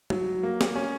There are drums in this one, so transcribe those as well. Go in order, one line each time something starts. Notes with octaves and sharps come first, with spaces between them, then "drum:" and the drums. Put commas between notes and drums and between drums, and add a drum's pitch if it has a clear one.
F#3, drum: tom
A#3
drum: snare
C#4